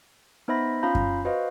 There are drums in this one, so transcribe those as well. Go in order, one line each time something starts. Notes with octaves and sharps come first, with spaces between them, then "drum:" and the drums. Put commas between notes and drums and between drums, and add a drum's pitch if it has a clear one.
B3 D#4 C5 E5 B5 A#6
C#4 F4 F5 A#5 B5 G6
drum: kick F#2
F#4 B4 C5 D#5 F5